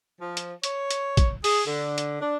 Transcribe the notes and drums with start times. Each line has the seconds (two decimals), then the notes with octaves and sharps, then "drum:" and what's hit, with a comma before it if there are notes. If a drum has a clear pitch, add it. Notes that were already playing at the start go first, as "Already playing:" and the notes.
0.21 F3
0.37 drum: hi-hat
0.63 C#5, drum: hi-hat
0.91 drum: hi-hat
1.17 drum: kick A1, hi-hat
1.44 G#4, drum: open hi-hat
1.67 D3
1.98 drum: hi-hat
2.21 D4